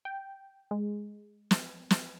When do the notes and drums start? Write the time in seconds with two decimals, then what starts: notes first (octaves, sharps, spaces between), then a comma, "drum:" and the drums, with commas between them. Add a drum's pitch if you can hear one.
0.05 G5
0.71 G#3
1.51 drum: snare
1.91 drum: snare